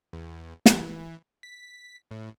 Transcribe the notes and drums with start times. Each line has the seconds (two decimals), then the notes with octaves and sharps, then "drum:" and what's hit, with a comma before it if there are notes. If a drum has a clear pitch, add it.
0.13 E2
0.66 E3, drum: snare
1.43 B6
2.11 A2